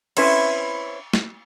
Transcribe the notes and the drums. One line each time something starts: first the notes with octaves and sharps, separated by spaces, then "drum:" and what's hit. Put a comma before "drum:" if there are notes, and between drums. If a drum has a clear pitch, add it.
C4 C#4 E4 B4, drum: cymbal
drum: snare